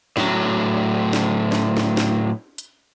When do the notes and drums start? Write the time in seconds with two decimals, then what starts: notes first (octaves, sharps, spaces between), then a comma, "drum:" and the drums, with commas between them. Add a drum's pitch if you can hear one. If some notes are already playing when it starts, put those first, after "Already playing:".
0.17 A2 F#3, drum: snare
1.13 drum: snare
1.52 drum: snare
1.77 drum: snare
1.97 drum: snare
2.58 drum: hi-hat